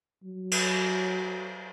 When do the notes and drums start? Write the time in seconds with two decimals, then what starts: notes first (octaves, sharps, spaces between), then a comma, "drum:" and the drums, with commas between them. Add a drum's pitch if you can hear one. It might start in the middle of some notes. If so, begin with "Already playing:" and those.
0.23 F#3
0.52 drum: cymbal